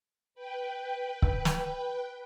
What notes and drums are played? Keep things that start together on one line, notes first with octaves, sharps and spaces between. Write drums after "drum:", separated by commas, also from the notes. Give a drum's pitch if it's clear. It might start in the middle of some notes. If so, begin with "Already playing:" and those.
B4 G5
drum: kick C#1
drum: snare